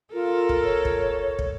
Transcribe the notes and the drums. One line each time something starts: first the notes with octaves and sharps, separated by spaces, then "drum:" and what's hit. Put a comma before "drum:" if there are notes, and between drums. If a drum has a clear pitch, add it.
F4 A4 A#4
drum: kick
C#5
drum: kick
drum: kick